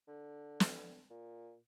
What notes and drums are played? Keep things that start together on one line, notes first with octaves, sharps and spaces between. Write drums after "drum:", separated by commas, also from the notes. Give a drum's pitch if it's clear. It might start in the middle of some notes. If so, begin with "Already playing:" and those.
D3
drum: snare
A#2